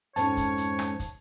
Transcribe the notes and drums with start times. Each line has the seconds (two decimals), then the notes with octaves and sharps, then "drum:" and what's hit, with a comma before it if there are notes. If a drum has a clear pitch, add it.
0.16 F2 G#2 C#4 C#5 A5, drum: hi-hat
0.37 drum: kick, hi-hat
0.58 drum: hi-hat
0.79 drum: rim click
1.00 drum: kick, hi-hat